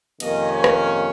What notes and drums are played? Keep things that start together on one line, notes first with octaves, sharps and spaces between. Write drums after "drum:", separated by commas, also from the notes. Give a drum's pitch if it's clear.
F2 C3 D#3 A#3 C#4 D#5, drum: cymbal
C#5
drum: rim click